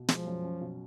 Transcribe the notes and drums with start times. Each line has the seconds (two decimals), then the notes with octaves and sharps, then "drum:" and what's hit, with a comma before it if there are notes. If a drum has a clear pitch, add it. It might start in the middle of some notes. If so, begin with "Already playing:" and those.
Already playing: B2
0.08 F3 G#3, drum: snare
0.26 F#2
0.44 C#4
0.61 B2